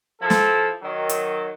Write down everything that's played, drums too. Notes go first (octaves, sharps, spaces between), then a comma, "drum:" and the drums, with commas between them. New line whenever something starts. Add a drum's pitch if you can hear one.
F3 E4 A4
drum: snare
D#3 F#3
drum: hi-hat